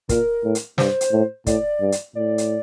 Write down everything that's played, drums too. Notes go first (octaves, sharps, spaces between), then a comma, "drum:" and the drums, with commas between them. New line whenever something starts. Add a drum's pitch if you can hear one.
A#2 A#4, drum: kick, hi-hat
A2
drum: hi-hat
G2 C5, drum: snare
drum: hi-hat
A2
A2 D5, drum: kick, hi-hat
G2
drum: hi-hat
A2 D5
drum: hi-hat